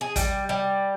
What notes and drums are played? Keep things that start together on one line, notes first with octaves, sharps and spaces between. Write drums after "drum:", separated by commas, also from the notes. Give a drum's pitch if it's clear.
G#4
G3, drum: kick, hi-hat
G3